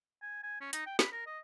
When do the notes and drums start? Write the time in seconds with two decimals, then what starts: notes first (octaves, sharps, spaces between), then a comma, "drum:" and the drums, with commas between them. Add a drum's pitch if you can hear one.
0.22 G#5
0.43 G#5
0.61 C#4
0.73 D#4, drum: hi-hat
0.86 G5
0.99 B5, drum: snare
1.12 A#4
1.27 D#5